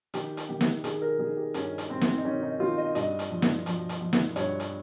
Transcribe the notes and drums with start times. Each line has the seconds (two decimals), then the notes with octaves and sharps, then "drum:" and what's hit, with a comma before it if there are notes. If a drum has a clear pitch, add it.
0.14 D#3 G4, drum: hi-hat
0.37 drum: hi-hat
0.49 D#3 G4
0.61 drum: snare
0.84 D#3 G#4, drum: hi-hat
1.02 A#4
1.19 D#3 G#4
1.37 G4
1.54 G2 C#4, drum: hi-hat
1.78 drum: hi-hat
1.90 G2 C4
2.01 drum: snare
2.18 D#4
2.25 D#3 C#4
2.42 D#4
2.60 D#3 F4
2.78 D#5
2.95 G2 D#5, drum: hi-hat
3.19 drum: hi-hat
3.30 F3
3.42 drum: snare
3.66 F3, drum: hi-hat
3.89 drum: hi-hat
4.01 F3
4.13 drum: snare
4.36 G2 C#5, drum: hi-hat
4.60 drum: hi-hat